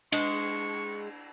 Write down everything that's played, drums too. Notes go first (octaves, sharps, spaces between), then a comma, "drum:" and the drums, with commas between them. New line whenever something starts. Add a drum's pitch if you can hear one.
G#3 D4 C#6, drum: cymbal